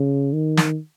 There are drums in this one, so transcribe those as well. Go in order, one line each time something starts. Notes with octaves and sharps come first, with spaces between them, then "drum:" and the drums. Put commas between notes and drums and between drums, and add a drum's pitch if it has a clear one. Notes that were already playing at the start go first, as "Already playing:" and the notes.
Already playing: C#3
D#3
drum: snare